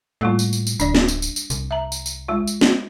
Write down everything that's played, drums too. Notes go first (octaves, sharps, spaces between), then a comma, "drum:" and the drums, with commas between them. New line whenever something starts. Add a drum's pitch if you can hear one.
A2 G3 A#3 F4
drum: tambourine
drum: tambourine
drum: tambourine
D1 D4 D5, drum: tambourine
drum: snare
drum: tambourine
drum: tambourine
drum: tambourine
C2, drum: tambourine
E5 A#5
drum: tambourine
drum: tambourine
G#3 F4
drum: tambourine
drum: snare